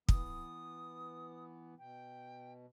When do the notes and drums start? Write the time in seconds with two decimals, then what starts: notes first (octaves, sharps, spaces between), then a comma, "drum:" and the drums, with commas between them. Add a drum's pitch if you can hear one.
0.09 E3 B3 D#6, drum: kick
1.79 B2 G5